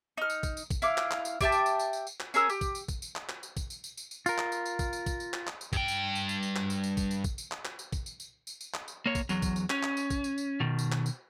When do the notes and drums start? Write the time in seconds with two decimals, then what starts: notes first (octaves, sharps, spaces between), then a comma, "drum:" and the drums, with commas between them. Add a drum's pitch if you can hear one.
0.17 D#4 F6
0.30 drum: tambourine
0.43 drum: kick, tambourine
0.57 drum: tambourine
0.70 drum: kick, tambourine
0.82 E4 F5 D6, drum: tambourine
0.98 drum: clap
1.11 drum: clap
1.25 drum: tambourine
1.41 G4 E5 G5 A5, drum: kick, tambourine
1.52 drum: tambourine
1.66 drum: tambourine
1.79 drum: tambourine
1.93 drum: tambourine
2.07 drum: tambourine
2.20 drum: clap
2.34 C#4 G#4 A#4 E6, drum: tambourine
2.50 G4, drum: tambourine
2.61 drum: kick, tambourine
2.75 drum: tambourine
2.88 drum: kick, tambourine
3.02 drum: tambourine
3.16 drum: clap
3.29 drum: clap
3.43 drum: tambourine
3.57 drum: kick, tambourine
3.70 drum: tambourine
3.84 drum: tambourine
3.97 drum: tambourine
4.11 drum: tambourine
4.26 F4 A#4, drum: tambourine
4.38 drum: clap
4.52 drum: tambourine
4.66 drum: tambourine
4.79 drum: kick, tambourine
4.93 drum: tambourine
5.06 drum: kick, tambourine
5.20 drum: tambourine
5.34 drum: clap
5.47 drum: clap
5.61 drum: tambourine
5.73 G2 G5, drum: kick, tambourine
5.88 drum: tambourine
6.15 drum: tambourine
6.29 drum: tambourine
6.43 drum: tambourine
6.56 drum: clap
6.70 drum: tambourine
6.83 drum: tambourine
6.97 drum: kick, tambourine
7.11 drum: tambourine
7.24 drum: kick, tambourine
7.38 drum: tambourine
7.52 drum: clap
7.65 drum: clap
7.79 drum: tambourine
7.92 drum: kick, tambourine
8.06 drum: tambourine
8.20 drum: tambourine
8.47 drum: tambourine
8.61 drum: tambourine
8.74 drum: clap
8.88 drum: tambourine
9.06 A#3 C#5
9.15 drum: kick, tambourine
9.29 E2 F#3, drum: tambourine
9.42 drum: kick, tambourine
9.56 drum: tambourine
9.70 C#4, drum: clap
9.83 drum: clap
9.97 drum: tambourine
10.10 drum: kick, tambourine
10.24 drum: tambourine
10.38 drum: tambourine
10.60 B2 D#3
10.79 drum: tambourine
10.92 drum: clap
11.06 drum: tambourine